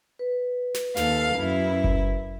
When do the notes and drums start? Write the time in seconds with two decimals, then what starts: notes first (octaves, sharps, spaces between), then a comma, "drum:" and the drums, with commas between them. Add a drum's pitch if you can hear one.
0.19 B4
0.74 drum: snare
0.97 D#2 A4 F5, drum: snare
1.36 F#2 E4
1.84 drum: kick F#1